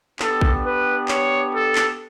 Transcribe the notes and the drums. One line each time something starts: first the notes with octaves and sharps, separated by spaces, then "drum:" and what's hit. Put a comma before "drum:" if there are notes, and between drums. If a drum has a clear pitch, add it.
B3 D4 G4 A4, drum: clap
drum: kick A#1
B4
C#5, drum: clap
A4
drum: clap